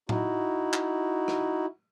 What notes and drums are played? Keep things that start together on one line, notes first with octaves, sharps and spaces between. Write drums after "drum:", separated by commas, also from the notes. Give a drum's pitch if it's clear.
D#4 E4 F#4, drum: tom A2
drum: clap
drum: rim click